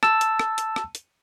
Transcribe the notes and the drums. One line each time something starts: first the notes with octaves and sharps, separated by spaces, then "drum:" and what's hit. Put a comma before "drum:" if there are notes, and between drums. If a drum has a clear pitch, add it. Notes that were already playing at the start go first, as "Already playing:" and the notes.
A5 E6, drum: rim click
drum: hi-hat
drum: rim click
drum: hi-hat
drum: rim click
drum: hi-hat